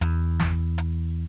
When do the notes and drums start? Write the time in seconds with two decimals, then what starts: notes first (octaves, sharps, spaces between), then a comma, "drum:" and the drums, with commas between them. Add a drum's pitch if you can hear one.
0.01 E2, drum: hi-hat
0.40 drum: snare
0.78 drum: hi-hat